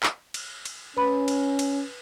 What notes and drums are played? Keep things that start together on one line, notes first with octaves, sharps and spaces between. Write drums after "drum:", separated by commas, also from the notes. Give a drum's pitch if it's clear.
drum: clap
drum: cymbal
drum: cymbal
C#4 B4 B5
drum: cymbal
drum: cymbal